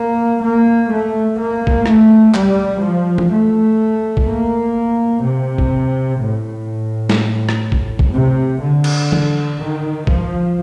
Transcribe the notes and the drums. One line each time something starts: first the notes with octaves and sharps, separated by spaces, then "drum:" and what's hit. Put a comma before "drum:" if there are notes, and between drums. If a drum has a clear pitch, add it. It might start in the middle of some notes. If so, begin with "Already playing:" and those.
Already playing: A#3
A#3
A3
A#3
drum: kick
A3, drum: rim click
G3, drum: clap
F3
drum: tom E3
A3
drum: kick
A#3
C3
drum: kick
A2
drum: snare
drum: rim click
drum: kick
drum: kick
C3
D3
drum: cymbal
drum: tom E3
D#3
F3, drum: kick